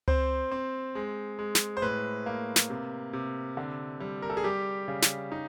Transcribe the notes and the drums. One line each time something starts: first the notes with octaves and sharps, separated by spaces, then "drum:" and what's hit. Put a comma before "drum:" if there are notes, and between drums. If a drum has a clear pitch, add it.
C4 C5, drum: tom C#2
C4
G#3
G#3
drum: snare
C5
A2 B4
A#3
drum: snare
C3
C3
D3
G3
A#4
A4
G#4
G3 G4
C#3
drum: snare
D#4